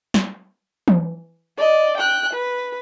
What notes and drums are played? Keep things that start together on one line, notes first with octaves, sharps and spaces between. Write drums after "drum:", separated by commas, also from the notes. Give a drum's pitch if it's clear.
drum: snare
drum: tom E3
D5 D#5
G5 F#6
B4